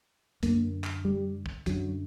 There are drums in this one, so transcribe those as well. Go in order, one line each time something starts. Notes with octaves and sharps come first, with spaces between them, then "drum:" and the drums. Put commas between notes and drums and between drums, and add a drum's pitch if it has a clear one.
F#2 D3 A#3, drum: kick, hi-hat
drum: clap
G3
drum: kick
F#2 D3 F#3, drum: kick, hi-hat